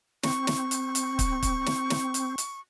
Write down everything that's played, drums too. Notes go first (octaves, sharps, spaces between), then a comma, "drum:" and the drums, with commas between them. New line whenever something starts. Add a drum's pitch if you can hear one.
C4 C#6, drum: snare
drum: snare
drum: hi-hat
drum: hi-hat
drum: kick, hi-hat
drum: kick, hi-hat
drum: snare
drum: snare
drum: hi-hat
drum: hi-hat